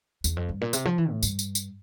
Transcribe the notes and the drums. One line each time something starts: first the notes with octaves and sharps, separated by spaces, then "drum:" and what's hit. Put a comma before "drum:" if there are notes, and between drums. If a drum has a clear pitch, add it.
E2, drum: tambourine
F2
G2
A#2
C3, drum: tambourine
F3
E3
A2
G2, drum: tambourine
drum: tambourine
drum: tambourine